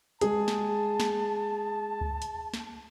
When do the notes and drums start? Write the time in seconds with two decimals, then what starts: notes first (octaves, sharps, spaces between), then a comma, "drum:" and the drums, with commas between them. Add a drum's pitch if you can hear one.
0.21 G#3 G#4 A5, drum: hi-hat
0.48 drum: snare
1.00 drum: snare
2.01 drum: kick D2
2.22 drum: hi-hat
2.54 drum: snare